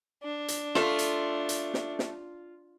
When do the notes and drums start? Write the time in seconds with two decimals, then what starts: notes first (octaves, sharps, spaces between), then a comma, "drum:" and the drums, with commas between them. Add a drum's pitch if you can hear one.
0.23 D4
0.48 drum: hi-hat
0.75 A3 F4 A4, drum: snare
0.99 drum: hi-hat
1.49 drum: hi-hat
1.74 drum: snare
1.99 drum: snare